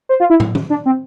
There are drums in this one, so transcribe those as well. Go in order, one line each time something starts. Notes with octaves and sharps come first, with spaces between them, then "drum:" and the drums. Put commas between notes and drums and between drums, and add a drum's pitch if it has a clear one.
C5
F4
E4
drum: tom
drum: tom E3
D4
C4